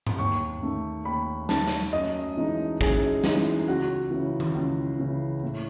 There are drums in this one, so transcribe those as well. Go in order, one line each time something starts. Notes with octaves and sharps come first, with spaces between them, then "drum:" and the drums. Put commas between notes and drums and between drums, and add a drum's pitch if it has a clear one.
drum: tom G2
D#2 C#6
D#3 A3
D#2 B5
D#3 A3 A5, drum: snare
drum: snare
F#2 D#5
E3 G#3 D#4
F#2 G#4, drum: kick
E3 G#3 D#4, drum: snare
C#2 F#4
C#3 E3
drum: tom D#3
C#2
C#3 E3
A2